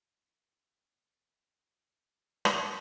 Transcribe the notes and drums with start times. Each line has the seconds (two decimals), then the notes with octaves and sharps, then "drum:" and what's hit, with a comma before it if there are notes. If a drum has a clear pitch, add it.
0.20 E3 B3
2.45 drum: rim click